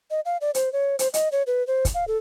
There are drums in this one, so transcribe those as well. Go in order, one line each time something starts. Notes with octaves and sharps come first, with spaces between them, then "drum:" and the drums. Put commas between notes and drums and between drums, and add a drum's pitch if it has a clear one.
D#5
F5
D5
C5, drum: hi-hat
C#5
C5, drum: hi-hat
D#5, drum: hi-hat
C#5
B4
C5
drum: kick, hi-hat
F5
A4